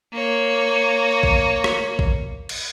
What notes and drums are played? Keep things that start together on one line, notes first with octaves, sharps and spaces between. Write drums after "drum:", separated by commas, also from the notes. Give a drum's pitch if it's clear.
A#3 C#5
drum: kick
drum: rim click
drum: kick
drum: cymbal